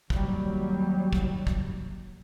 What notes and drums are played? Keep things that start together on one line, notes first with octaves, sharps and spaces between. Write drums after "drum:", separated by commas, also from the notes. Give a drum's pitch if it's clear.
D#2 F#3 G3, drum: kick
drum: kick
drum: kick